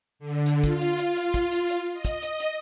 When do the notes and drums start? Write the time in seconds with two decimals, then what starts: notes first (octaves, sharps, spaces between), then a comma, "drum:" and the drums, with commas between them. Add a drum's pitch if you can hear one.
0.19 D3
0.46 drum: hi-hat
0.64 F4, drum: kick, hi-hat
0.81 drum: hi-hat
0.99 drum: hi-hat
1.16 drum: hi-hat
1.34 drum: kick, hi-hat
1.52 drum: hi-hat
1.69 drum: hi-hat
1.94 D#5
2.05 drum: kick, hi-hat
2.22 drum: hi-hat
2.40 drum: hi-hat